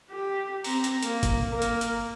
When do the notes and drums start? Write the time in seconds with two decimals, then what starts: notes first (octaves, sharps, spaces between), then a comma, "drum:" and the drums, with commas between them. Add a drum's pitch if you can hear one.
0.11 G4
0.64 C4 A#5, drum: open hi-hat
0.84 drum: hi-hat
1.03 A#3, drum: hi-hat
1.23 drum: kick F#1, hi-hat
1.51 A#3 A#4
1.62 drum: hi-hat
1.81 drum: hi-hat